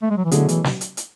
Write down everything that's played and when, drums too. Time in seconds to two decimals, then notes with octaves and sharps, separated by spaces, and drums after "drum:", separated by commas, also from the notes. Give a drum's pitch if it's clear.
0.02 A3
0.10 G#3
0.17 F#3
0.25 E3
0.31 B2 D3 F#3 A3 E4 G#4, drum: hi-hat
0.49 E3, drum: hi-hat
0.64 drum: snare
0.81 drum: hi-hat
0.97 drum: hi-hat